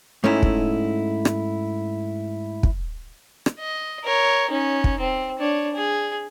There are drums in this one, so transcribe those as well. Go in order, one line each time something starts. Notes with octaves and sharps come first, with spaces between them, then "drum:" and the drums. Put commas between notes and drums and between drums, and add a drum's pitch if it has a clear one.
G#2 A3 C#4 D#4 E4
drum: kick
drum: rim click
drum: kick
drum: rim click
D#5
A#4 C#5
C#4 D#4
drum: kick
C4
D4 C#5
G#4